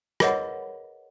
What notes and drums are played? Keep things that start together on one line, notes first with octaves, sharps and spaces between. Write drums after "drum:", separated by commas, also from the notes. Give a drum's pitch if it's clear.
G#4 A#4 B4 C#5 D#5 F#5, drum: rim click